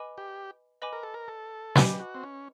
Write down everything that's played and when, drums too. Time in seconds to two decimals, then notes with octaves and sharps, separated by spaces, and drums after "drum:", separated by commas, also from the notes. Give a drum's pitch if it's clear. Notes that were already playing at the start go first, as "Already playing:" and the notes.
Already playing: B4 D#5 G#5 B5 D6
0.18 G4
0.82 B4 D#5 G#5 B5 D6
0.93 A#4
1.03 A4
1.14 A#4
1.28 A4
1.75 G4 B4 D#5 G#5 B5 D6, drum: snare
2.00 F#4
2.15 C4
2.23 C#4